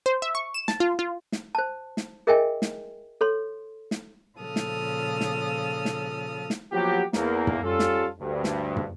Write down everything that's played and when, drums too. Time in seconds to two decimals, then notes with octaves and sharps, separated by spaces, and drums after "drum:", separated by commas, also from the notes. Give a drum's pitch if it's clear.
0.06 C5
0.22 E5
0.35 C#6
0.54 E7
0.68 A5, drum: snare
0.80 F4
0.99 F4
1.32 drum: snare
1.55 C5 A5
1.97 drum: snare
2.27 G#4 A#4 D#5 E5 G5 G#5
2.62 drum: snare
3.21 A4 C#5 C6
3.91 drum: snare
4.38 A#2 C#3 F3 A4 D#6 F6
4.56 drum: snare
5.21 drum: snare
5.85 drum: snare
6.50 drum: snare
6.72 F3 F#3 A#3 B3 F#4 G4
7.13 E2 A#3, drum: snare
7.47 drum: tom
7.63 G3 C#4 F4 A4
7.79 drum: snare
8.20 D2 G2
8.44 drum: snare
8.76 drum: tom